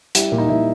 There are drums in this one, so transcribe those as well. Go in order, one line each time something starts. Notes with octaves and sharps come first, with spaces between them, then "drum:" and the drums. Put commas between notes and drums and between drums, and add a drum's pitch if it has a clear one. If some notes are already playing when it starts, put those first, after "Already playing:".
G3 E4, drum: hi-hat
A#2
D#4
A#2 E4